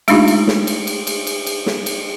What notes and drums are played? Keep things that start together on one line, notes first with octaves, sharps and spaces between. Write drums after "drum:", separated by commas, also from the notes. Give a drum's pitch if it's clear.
G#3 A3 D4 D#4 F4 G4, drum: cymbal
drum: cymbal
drum: snare
drum: cymbal
drum: cymbal
drum: cymbal
drum: cymbal
drum: cymbal
drum: snare
drum: cymbal